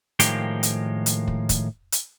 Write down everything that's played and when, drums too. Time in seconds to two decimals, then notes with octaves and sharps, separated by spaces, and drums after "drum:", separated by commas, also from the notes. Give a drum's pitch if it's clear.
0.20 A2 D#3 F3 G#3 A#3 G4, drum: hi-hat
0.63 drum: hi-hat
1.06 drum: hi-hat
1.28 drum: kick
1.49 drum: kick, hi-hat
1.92 drum: hi-hat